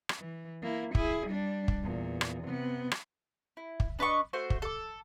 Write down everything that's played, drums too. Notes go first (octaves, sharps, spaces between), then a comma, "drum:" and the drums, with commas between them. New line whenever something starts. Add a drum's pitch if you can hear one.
drum: rim click
E3
A#3 E4
E4 G#4, drum: kick
G3 D4
drum: kick
E2 A#2
drum: rim click
C3 B3
drum: rim click
E4
drum: kick
D4 B4 D#5 C#6
A3 F#4 C5 C6
drum: kick
A4 D6